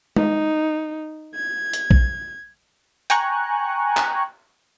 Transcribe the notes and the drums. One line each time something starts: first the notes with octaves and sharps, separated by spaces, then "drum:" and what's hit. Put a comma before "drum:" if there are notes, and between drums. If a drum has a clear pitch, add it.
D#4, drum: tom
G#6
drum: hi-hat
drum: kick A#1
G5 G#5 A#5 C#6 F#6, drum: hi-hat
drum: clap